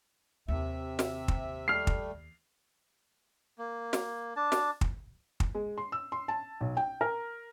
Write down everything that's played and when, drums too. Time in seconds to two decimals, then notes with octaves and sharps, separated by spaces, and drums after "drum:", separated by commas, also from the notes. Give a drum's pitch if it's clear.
0.48 D#2 C3 E5
0.99 drum: snare
1.28 drum: kick
1.68 G3 A3 F6 C7
1.87 drum: kick
3.58 A#3
3.93 drum: snare
4.36 D4 A5
4.52 drum: snare
4.81 drum: kick
5.40 drum: kick
5.55 G#3
5.78 C6
5.92 E6
6.12 C6
6.28 A5
6.61 B1
6.77 G5
7.01 A#4